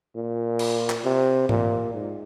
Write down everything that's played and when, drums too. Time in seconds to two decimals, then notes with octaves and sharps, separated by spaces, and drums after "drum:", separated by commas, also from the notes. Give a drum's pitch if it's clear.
0.15 A#2
0.59 drum: cymbal
0.90 drum: clap
1.05 C3
1.49 A#2, drum: tom G#2
1.94 G#2